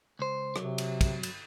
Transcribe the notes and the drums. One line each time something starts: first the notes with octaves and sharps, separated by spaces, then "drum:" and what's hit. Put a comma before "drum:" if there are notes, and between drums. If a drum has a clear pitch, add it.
C#2 C5
C3 F#3, drum: rim click
drum: cymbal
drum: kick, cymbal
drum: cymbal